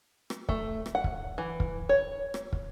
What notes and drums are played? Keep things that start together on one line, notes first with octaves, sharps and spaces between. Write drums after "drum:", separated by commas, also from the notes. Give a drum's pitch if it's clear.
drum: rim click
A3, drum: kick
drum: rim click
F#5
drum: kick
E3
drum: kick
C#5
drum: rim click
drum: kick